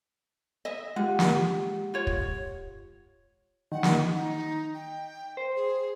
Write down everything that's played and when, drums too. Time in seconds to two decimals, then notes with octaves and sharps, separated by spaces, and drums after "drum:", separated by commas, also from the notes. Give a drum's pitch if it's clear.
0.65 D#5 E5
0.96 G#3 F4 G4 F#5
1.19 drum: snare
1.94 F4 C#5
2.07 drum: kick
3.72 D#3 F#5
3.83 drum: snare
4.14 D#4
4.75 G5
5.37 C5
5.56 G#4